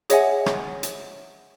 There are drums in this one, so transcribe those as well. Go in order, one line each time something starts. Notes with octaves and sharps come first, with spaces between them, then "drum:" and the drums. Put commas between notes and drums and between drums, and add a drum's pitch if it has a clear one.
G#4 C#5 D#5 E5 F#5 G#5, drum: hi-hat
drum: rim click
drum: hi-hat